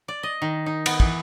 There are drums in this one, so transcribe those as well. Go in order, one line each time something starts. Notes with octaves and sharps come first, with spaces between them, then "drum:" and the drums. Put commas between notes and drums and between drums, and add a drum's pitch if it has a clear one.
D5
D#5
D#3
D#4
B3, drum: cymbal
E3, drum: kick